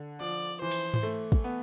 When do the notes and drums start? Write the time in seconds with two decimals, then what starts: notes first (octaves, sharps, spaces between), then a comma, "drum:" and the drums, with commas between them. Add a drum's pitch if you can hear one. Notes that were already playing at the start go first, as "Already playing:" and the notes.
Already playing: D3
0.20 F3 D5
0.62 E3 C5
0.71 drum: cymbal
0.94 drum: tom G#2
1.03 A3
1.32 drum: kick
1.44 B3